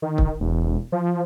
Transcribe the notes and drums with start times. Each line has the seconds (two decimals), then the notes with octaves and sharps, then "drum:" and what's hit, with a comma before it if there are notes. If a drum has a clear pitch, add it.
0.02 D#3
0.18 drum: kick
0.40 E1
0.92 F3